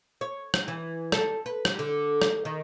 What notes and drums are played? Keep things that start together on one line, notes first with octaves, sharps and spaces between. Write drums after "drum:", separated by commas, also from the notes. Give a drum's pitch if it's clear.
C#5
drum: rim click
E3
A4, drum: rim click
B4
G3, drum: rim click
D3
drum: rim click
D#3